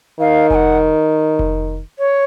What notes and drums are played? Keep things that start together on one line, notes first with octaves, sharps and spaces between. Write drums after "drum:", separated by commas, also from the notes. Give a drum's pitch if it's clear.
D#3 F5
G#5, drum: kick F1
F#5
drum: kick F1
C#5